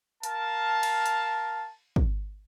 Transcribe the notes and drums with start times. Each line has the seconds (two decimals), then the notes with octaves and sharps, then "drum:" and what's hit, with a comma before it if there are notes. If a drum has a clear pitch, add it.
0.23 A#4 F5 A5, drum: hi-hat
0.83 drum: cymbal
1.06 drum: hi-hat
1.96 drum: kick